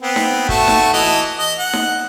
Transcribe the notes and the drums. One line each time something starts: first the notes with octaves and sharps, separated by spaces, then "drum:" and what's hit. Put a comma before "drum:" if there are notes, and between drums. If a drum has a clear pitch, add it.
B3 C4
drum: snare D#4
A3 F#4 A5, drum: kick
drum: snare D#4
E3 D#5 A5
D#5
F#5
drum: snare D#4